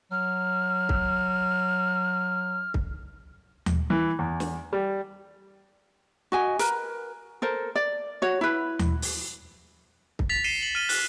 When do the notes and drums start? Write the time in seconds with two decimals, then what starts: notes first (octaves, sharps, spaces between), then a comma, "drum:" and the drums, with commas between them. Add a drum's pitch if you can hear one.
0.11 F#3 F6
0.89 drum: kick C2
2.74 drum: kick C2
3.66 drum: tom D#2
3.90 E3
4.19 E2
4.40 drum: snare
4.73 G3
6.32 F#4 D#5 G#5
6.59 A#4 B4, drum: hi-hat
7.42 A4 A#4 C5
7.75 D5
8.22 F#4 C#5
8.41 E4 B4
8.79 drum: tom D#2
9.02 drum: open hi-hat
10.19 drum: kick C2
10.29 A6 B6 F7
10.44 C7 C#7 D#7 E7 G7
10.63 F#7
10.75 F6 D#7 G7
10.89 F#6, drum: open hi-hat